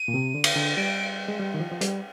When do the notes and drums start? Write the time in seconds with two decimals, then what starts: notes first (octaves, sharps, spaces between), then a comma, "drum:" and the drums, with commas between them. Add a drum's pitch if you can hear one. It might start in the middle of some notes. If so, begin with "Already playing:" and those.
Already playing: D#7
0.08 A#2
0.14 C3
0.35 D3
0.44 drum: cymbal
0.55 D3
0.77 G3 D7
1.28 G#3
1.40 G3
1.54 D#3
1.60 F3
1.72 F3
1.81 G3, drum: hi-hat